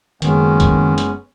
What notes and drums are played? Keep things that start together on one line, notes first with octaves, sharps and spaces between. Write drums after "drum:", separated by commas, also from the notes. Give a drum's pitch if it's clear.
F#1 D#3 G#3 B3 C#4, drum: hi-hat
drum: kick, hi-hat
drum: hi-hat